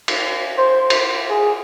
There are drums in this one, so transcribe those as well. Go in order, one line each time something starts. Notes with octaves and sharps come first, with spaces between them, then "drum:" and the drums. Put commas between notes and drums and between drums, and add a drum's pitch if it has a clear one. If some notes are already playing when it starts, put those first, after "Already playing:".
drum: cymbal
C5
drum: cymbal
G#4